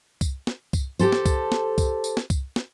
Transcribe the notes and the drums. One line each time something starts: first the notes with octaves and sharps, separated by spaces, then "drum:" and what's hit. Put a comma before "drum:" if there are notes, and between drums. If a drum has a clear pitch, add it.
drum: kick C2, tambourine
drum: snare
drum: kick C2, tambourine
G4 A4 C5, drum: tambourine
drum: snare
drum: kick C2, tambourine
drum: snare
drum: kick C2, tambourine
drum: tambourine
drum: snare
drum: kick C2, tambourine
drum: snare